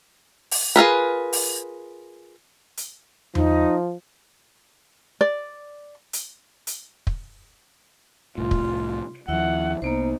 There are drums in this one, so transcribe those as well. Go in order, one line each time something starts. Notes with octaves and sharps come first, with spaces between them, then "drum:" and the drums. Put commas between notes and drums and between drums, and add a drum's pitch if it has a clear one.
drum: open hi-hat
F4 G#4 A#4 B4
drum: open hi-hat
drum: hi-hat
F3 D#4, drum: tom E2
D5
drum: hi-hat
drum: hi-hat
drum: kick
C2 A2 F4
drum: kick
D#2 F3 E4 E5 F#5
C2 A#3 B3 D#4 C5